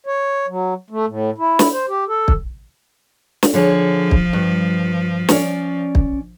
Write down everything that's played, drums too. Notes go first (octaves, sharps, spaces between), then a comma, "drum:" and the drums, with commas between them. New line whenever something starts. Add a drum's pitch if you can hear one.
C#5
F#3
A3
A2
E4
drum: snare
C5
G4
A4
drum: kick
drum: snare
D3 F3 G#4 C#5
drum: kick
G2
C#4 D5, drum: snare
drum: kick